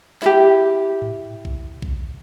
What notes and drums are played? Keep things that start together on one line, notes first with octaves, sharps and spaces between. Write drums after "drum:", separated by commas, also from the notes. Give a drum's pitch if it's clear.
E4 G4, drum: snare
drum: tom G#2
drum: kick B1
drum: kick B1